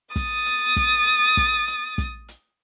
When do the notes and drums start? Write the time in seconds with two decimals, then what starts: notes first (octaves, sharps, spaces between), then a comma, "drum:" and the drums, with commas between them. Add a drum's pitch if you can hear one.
0.16 D#6 A6, drum: kick, hi-hat
0.46 drum: hi-hat
0.76 drum: kick, hi-hat
1.07 drum: hi-hat
1.37 drum: kick, hi-hat
1.68 drum: hi-hat
1.98 drum: kick, hi-hat
2.28 drum: hi-hat